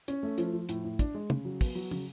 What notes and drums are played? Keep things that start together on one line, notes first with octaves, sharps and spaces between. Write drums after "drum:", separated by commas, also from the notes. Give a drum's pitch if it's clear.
C#4, drum: hi-hat
A3
F3, drum: hi-hat
F3
A2, drum: hi-hat
A2
D4, drum: kick, hi-hat
G#3
C#3, drum: tom
F#3
B3, drum: kick, open hi-hat
F#3
C#3, drum: tom